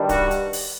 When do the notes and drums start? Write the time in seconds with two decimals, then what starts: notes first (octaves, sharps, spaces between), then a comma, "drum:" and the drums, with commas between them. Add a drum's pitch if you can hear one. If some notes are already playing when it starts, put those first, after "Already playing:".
Already playing: G2 D#3 G3 D4
0.09 F#4, drum: kick D1, hi-hat
0.31 drum: hi-hat
0.53 drum: open hi-hat